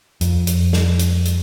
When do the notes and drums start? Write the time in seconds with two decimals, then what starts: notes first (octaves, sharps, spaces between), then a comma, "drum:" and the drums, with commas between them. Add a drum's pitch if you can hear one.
0.21 F2, drum: hi-hat
0.47 drum: hi-hat
0.73 drum: snare
0.99 drum: hi-hat
1.25 drum: hi-hat